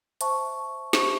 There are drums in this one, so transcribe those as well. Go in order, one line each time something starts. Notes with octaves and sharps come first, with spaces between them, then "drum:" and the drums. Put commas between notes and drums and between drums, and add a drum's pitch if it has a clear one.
C5 E5 A5 C#6, drum: hi-hat
G4 C5 E5 A5 C#6, drum: snare